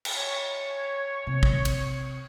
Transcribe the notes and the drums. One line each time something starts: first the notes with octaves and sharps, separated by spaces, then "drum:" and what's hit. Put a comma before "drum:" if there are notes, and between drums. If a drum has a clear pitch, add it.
drum: cymbal
C#5
C3
drum: kick
drum: cymbal